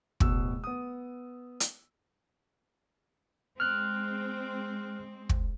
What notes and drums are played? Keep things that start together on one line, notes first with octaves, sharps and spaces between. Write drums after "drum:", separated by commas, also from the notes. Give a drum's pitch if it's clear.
D1 B2 E6, drum: kick
B3 D#6
drum: hi-hat
G#3 C4 F6 F#6
drum: kick